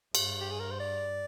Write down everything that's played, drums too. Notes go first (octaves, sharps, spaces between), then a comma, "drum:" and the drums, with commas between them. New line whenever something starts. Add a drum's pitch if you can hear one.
G2, drum: cymbal
G4
G#4
A#4
C5
D5